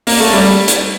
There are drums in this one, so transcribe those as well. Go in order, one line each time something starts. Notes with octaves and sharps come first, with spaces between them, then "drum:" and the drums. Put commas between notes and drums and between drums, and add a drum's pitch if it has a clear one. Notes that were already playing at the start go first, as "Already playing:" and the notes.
A#3, drum: open hi-hat
A3
G3
drum: hi-hat